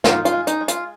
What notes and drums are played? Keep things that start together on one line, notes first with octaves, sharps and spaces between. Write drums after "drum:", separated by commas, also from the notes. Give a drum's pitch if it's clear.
D#4 F4, drum: snare
F4, drum: hi-hat
G#3
D#4, drum: hi-hat
G#3
F4, drum: hi-hat